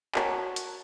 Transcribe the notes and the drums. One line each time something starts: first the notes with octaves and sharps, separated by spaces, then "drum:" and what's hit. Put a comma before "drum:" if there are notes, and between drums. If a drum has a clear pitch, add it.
F#4 A#4 C#5 F#5 A5, drum: clap
drum: hi-hat